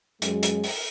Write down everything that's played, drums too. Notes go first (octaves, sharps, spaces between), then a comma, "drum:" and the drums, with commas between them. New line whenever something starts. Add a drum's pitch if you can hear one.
F#2 F#3 G#3, drum: hi-hat
drum: hi-hat
drum: open hi-hat